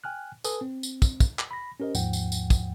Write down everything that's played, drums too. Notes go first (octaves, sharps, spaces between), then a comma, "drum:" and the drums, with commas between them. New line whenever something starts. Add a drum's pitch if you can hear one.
G5 G#5 F6 F#6
A4 B4 G#5 D#6, drum: tambourine
C4
drum: tambourine
drum: kick, tambourine
drum: kick, tambourine
drum: clap
B5 A#6
C#4 G4 A#4 C5 D#5
D#2 G#2 F3 F#5 G5, drum: tambourine
drum: tambourine
drum: tambourine
drum: kick, tambourine